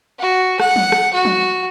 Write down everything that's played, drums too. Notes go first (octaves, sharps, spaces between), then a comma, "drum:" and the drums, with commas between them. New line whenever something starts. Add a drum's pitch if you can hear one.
F#4
F#5, drum: rim click
drum: tom
drum: rim click
F#4
drum: tom